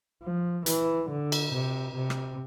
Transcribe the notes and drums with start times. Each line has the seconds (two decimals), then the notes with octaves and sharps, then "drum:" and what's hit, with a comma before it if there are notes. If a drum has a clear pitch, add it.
0.23 F3
0.66 E3, drum: hi-hat
1.10 D3
1.32 drum: cymbal
1.54 C3
1.96 C3
2.10 drum: rim click